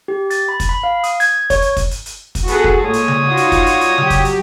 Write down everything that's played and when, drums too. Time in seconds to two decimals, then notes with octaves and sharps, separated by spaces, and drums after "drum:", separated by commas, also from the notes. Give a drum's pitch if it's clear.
0.08 G4
0.30 A6, drum: hi-hat
0.49 B5
0.60 drum: kick, hi-hat
0.69 B5
0.83 F5
1.04 D#6, drum: hi-hat
1.20 G#6, drum: hi-hat
1.50 C#5, drum: kick, hi-hat
1.62 drum: hi-hat
1.77 drum: kick, hi-hat
1.91 drum: hi-hat
2.06 drum: hi-hat
2.35 drum: kick, hi-hat
2.48 B3 F#4 G#4 A4, drum: hi-hat
2.64 drum: kick
2.84 A#2 G3 G#3 C#5 D#6
2.93 drum: hi-hat
3.08 drum: tom C#3
3.28 D#4 F4 F#4
3.37 drum: hi-hat
3.52 drum: kick, hi-hat
3.66 drum: hi-hat
3.81 drum: hi-hat
3.98 F#3 G4, drum: tom C#3
4.10 drum: kick, hi-hat
4.25 drum: hi-hat